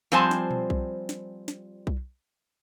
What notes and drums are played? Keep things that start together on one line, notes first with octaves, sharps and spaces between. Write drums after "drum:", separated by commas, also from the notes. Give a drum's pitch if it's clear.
F3 G3 C4 C5 G#5 A5
drum: snare
drum: tom A#2
drum: kick B1
drum: snare
drum: snare
drum: kick B1